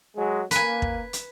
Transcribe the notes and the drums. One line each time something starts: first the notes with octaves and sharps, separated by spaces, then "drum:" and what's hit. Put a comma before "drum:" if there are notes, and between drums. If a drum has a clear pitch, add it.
F#3 G#3
A#3 B4 G#5, drum: hi-hat
drum: kick
drum: hi-hat